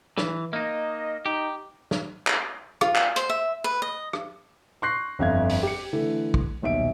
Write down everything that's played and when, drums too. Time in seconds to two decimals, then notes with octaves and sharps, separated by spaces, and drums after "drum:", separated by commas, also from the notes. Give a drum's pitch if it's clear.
0.18 E3, drum: snare
0.53 A#3 D#4 D#5
1.26 D#4 G4
1.91 drum: snare
2.27 drum: clap
2.81 F4, drum: rim click
2.95 drum: clap
3.16 C5, drum: hi-hat
3.30 E5
3.64 B4
3.82 D#5
4.13 drum: rim click
4.82 C6 C#6 F#6 G6 A#6 C7
5.19 G1 F2 E5 F5 F#6 G#6
5.49 drum: open hi-hat
5.63 G4 C#7
5.93 D3 E3 A3
6.34 drum: kick
6.62 D#1 B1 E5 D7